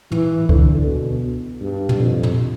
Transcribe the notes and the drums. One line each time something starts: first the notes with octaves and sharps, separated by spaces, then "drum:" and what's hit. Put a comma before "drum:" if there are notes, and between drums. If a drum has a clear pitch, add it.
E3, drum: tom
D3, drum: kick C#2
B2
G2
drum: tom
F2
drum: tom